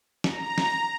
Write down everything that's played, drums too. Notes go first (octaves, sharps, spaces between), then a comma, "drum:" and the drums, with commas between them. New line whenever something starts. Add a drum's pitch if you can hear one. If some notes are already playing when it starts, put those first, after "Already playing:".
A#5, drum: snare
drum: snare